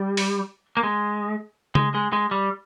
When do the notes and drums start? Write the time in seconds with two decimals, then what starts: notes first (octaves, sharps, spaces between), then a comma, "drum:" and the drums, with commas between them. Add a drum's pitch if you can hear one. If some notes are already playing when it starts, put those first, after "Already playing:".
Already playing: G3
0.17 drum: open hi-hat
0.77 A#3
0.83 G#3
1.75 G#3, drum: tom C#3
1.95 G#3
2.13 G#3
2.31 G3